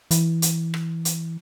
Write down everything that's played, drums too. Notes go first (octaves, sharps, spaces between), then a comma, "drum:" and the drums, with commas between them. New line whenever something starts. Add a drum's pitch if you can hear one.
E3, drum: hi-hat
drum: hi-hat
drum: rim click
drum: hi-hat